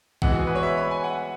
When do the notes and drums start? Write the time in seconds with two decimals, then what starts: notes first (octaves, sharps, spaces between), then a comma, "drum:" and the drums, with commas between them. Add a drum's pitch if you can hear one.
0.22 E3 G#3 B3 F#5, drum: kick A#1
0.32 F#4
0.39 G#4
0.47 B4
0.55 C#5
0.63 E5
0.78 B5
0.91 G#5
1.04 F#5